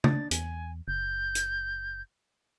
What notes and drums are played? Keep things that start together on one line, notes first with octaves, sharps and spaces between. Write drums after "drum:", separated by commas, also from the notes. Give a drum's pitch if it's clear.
D4 A6, drum: tom C#3
E2 G#5, drum: hi-hat
F#1 G6
drum: hi-hat